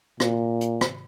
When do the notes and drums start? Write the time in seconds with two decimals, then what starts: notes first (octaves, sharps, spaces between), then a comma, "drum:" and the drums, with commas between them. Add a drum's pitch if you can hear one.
0.20 A#2, drum: rim click
0.61 drum: hi-hat
0.81 drum: rim click